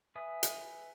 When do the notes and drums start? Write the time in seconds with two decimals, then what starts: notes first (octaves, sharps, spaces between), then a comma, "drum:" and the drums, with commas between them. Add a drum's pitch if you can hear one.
0.15 B4 E5 G#5 D#6
0.43 drum: hi-hat